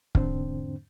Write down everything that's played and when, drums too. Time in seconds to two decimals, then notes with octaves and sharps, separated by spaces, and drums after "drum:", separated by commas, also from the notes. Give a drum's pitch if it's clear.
0.15 E2 G#2 D3 C4 D4 C5, drum: kick